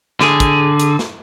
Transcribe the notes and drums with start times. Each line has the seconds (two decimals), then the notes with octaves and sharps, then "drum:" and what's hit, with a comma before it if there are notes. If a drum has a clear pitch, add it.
0.21 D3 G#4, drum: snare
0.40 drum: kick, hi-hat
0.80 drum: hi-hat
0.99 drum: snare